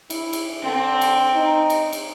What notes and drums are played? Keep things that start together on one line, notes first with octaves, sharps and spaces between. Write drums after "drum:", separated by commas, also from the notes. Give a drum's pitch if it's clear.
E4, drum: cymbal
drum: cymbal
D3 C4
drum: cymbal
D#4
drum: cymbal
drum: cymbal